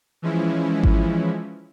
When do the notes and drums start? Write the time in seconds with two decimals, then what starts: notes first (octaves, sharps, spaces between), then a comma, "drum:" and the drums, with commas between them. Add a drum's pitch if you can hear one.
0.22 E3 F3 G#3 C#4 E4
0.83 drum: kick G#1